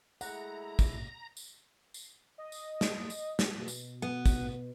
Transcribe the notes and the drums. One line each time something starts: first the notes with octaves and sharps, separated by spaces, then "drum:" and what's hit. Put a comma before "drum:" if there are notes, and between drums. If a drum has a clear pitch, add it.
G#3 A3 E4 G#4 F#5 A#5, drum: tambourine
drum: kick, tambourine
drum: tambourine
drum: tambourine
D#5
drum: tambourine
drum: snare
drum: tambourine
drum: snare
B2
drum: tambourine
B3
drum: kick, tambourine